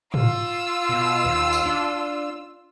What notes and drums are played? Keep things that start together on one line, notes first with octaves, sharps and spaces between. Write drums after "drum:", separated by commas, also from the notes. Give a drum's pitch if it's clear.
F4 E6, drum: tom
B2
D#2
drum: tambourine
D4